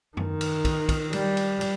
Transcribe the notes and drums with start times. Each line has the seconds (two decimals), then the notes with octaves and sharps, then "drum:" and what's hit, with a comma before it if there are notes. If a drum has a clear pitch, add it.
0.17 D#3, drum: tom F#2
0.41 drum: cymbal
0.65 drum: kick, cymbal
0.89 drum: kick, cymbal
1.13 G3, drum: cymbal
1.37 drum: cymbal
1.61 drum: cymbal